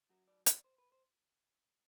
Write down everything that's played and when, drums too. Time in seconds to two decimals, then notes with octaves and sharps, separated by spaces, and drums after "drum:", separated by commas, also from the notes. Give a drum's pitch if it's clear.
0.09 F#2 F#3 F#4
0.28 D5
0.46 D5, drum: hi-hat
0.64 C5
0.78 B4
0.92 C5